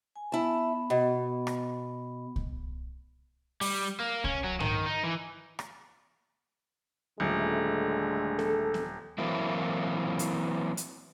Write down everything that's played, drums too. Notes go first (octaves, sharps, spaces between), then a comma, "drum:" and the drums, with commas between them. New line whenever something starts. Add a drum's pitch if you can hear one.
G#5
B3 E4 A5 B5
B2
drum: rim click
drum: kick C2
G3, drum: open hi-hat
A#3
C#4, drum: kick C2
F#3
D#3, drum: tom G#2
D#4
E3
drum: rim click
D#1 D3 G#3 A3
A4, drum: snare B3
drum: snare B3
E3 F#3 A#3 C4 E4
drum: hi-hat
drum: hi-hat